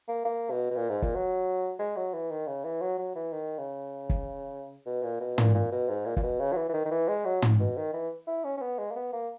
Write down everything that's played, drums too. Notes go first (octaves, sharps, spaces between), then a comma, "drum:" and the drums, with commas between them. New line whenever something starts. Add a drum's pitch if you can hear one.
A#3
A#3
B2
B2
A#2
G#2
A#2, drum: kick
F#3
G#3
F#3
E3
D#3
C#3
E3
F#3
F#3
E3
D#3
C#3
drum: kick
B2
A#2
B2
A#2, drum: tom
A#2
B2
G#2
A#2
A#2, drum: kick
B2
C#3
F#3
E3
E3
D#3
D#3
E3
G#3
F#3
drum: tom
B2
D#3
E3
E4
C#4
C#4
B3
G#3
A#3
B3
A#3